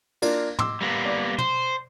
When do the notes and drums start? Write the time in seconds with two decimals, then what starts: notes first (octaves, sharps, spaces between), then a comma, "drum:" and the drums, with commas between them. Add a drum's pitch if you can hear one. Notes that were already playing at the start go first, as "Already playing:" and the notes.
0.22 A#3 D4 F4, drum: cymbal
0.59 C6 D6 E6, drum: tom
0.81 G3 A#3 B3
1.05 D5
1.38 C5, drum: tom